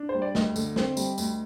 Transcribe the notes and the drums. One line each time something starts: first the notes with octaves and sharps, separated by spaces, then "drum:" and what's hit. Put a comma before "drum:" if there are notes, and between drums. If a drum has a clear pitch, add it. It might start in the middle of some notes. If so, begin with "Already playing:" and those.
Already playing: D4
C5
G3
D5
D2 D#5, drum: snare
D3, drum: tambourine
C4, drum: snare
G3, drum: tambourine
D2, drum: tambourine